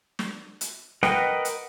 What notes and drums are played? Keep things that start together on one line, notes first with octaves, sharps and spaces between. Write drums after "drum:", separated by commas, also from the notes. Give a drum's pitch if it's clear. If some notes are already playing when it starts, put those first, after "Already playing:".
drum: snare
drum: hi-hat
A#4 B4 D#5 F#5 G5, drum: snare
drum: hi-hat